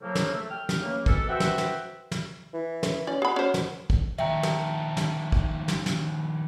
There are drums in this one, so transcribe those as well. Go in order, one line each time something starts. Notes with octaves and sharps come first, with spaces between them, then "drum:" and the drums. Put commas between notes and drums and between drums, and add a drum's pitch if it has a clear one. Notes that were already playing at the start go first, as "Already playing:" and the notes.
A2 C#3 F3 F#3 A3 A#3
drum: snare
A3 A4 E6
G5 F6
drum: snare
C#3 E3 A3 A#3
B2 E3 C4 A4, drum: kick
F#4 B4 C5 E5 F#5 G5
drum: snare
drum: snare
drum: snare
E3
drum: snare
C#4 D5
F#4 G#4 B5
C#4 C5
drum: snare
drum: kick
D#3 F3 A3 E5 G5 A#5
drum: snare
drum: snare
drum: kick
drum: snare
drum: snare